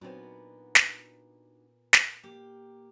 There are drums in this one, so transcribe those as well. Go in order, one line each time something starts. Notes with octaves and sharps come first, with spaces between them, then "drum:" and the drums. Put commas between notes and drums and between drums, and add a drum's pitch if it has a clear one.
A#2 F#3 B3 C4 D4 D#4 F#4 C5
drum: snare
drum: snare
A#3 G4